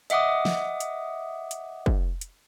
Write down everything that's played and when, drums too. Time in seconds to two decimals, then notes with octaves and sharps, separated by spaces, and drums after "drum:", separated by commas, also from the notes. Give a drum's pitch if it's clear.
0.10 D#5 E5 F#5 D6 D#6, drum: hi-hat
0.45 drum: snare
0.80 drum: hi-hat
1.51 drum: hi-hat
1.86 drum: kick
2.21 drum: hi-hat